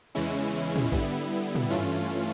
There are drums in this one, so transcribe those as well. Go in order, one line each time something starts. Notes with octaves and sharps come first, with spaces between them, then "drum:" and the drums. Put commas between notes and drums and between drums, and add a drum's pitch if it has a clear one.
E2 C#3 E3 G#3 C#4 E4
drum: tom
D3 G3 B3 E4, drum: kick A#1
drum: tom
G2 E3 A3 C#4 F4